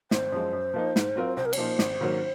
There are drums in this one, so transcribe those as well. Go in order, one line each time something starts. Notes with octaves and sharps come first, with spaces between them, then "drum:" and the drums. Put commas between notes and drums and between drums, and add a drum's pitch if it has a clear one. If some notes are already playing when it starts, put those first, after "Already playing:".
G#1 C5, drum: snare
F#2 F3 G#3
F#2
F3 A#3 D#4
G#2, drum: snare
F#3 C4 F4 A#4
C2 C5
A#4
C#5, drum: cymbal
A#2 F3 A#3 D#4 C5
G#1, drum: snare
G#2 D#3 F#3 A#3